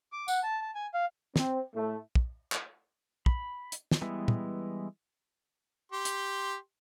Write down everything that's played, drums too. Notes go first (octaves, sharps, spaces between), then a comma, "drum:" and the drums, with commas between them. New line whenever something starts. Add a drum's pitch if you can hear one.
D6
F#5, drum: tambourine
A5
A5
G#5
F5
C4, drum: snare
A2 A3
drum: kick
drum: clap
B5, drum: kick
drum: hi-hat
drum: snare
E3 G3 G#3 B3 E4
drum: tom
G4 C6
drum: hi-hat